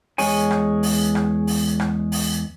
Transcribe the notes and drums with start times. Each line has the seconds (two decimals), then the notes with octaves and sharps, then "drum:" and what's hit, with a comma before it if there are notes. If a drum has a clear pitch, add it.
0.18 E2 G#3 G#4 C#5 G#5, drum: open hi-hat
0.51 drum: rim click
0.83 drum: open hi-hat
1.15 drum: rim click
1.47 drum: open hi-hat
1.80 drum: rim click
2.12 drum: open hi-hat